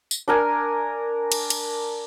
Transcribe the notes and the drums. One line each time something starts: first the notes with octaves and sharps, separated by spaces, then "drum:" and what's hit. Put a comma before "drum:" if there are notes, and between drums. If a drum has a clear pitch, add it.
drum: tambourine
D4 A#4 G#5
drum: cymbal
drum: cymbal